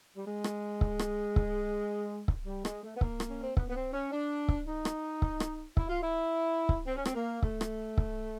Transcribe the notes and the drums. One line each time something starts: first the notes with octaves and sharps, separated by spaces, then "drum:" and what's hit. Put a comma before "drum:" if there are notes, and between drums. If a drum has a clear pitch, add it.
G3
G#3
drum: rim click
drum: kick C#1
drum: rim click
drum: kick C#1
drum: kick C#1
G3
G#3, drum: rim click
A3
B3
A#3, drum: kick C#1
drum: rim click
C#4
C4
B3, drum: kick C#1
B3
C4
C#4
D4
drum: kick C#1
D#4
drum: rim click
drum: kick C#1
drum: rim click
E4, drum: kick C#1
F4
E4
drum: kick C#1
C4
C#4
C4, drum: rim click
A#3
A3, drum: kick C#1
drum: rim click
drum: kick C#1